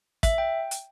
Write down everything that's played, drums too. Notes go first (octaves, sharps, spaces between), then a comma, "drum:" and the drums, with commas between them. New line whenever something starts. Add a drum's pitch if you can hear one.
E5, drum: kick, hi-hat
G5
drum: hi-hat